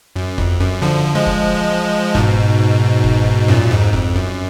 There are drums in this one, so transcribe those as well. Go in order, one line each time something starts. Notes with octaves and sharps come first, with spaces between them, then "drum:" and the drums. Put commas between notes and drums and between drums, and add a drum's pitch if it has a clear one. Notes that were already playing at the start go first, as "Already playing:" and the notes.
F#2
F2, drum: kick
F#2
D3 F3
F3 G#3
drum: kick
G#2 B2, drum: kick
drum: kick
F#2 A#2
F2 G#2
F2, drum: kick
F#2